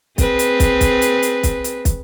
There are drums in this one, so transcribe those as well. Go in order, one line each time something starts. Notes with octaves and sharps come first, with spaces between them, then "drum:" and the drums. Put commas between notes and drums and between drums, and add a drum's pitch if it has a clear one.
C4 G#4 B4, drum: kick, hi-hat
drum: hi-hat
drum: kick, hi-hat
drum: kick, hi-hat
drum: hi-hat
drum: hi-hat
drum: kick, hi-hat
drum: hi-hat
drum: kick, hi-hat